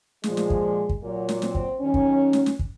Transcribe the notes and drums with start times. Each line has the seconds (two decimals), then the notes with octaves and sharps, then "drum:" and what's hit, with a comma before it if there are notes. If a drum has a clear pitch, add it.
0.24 A#2 F3 G#3, drum: snare
0.37 drum: snare
0.50 drum: kick
0.89 drum: kick
1.02 A#2 F#3 A#3
1.29 drum: snare
1.42 C4, drum: snare
1.55 drum: kick
1.81 D#2 D#3 F#3 C#4
1.94 drum: kick
2.33 drum: snare
2.46 drum: snare
2.59 drum: kick